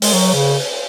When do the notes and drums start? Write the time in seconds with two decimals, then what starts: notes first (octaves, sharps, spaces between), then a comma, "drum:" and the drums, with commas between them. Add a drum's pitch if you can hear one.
0.02 G#3, drum: open hi-hat
0.13 F#3
0.35 C#3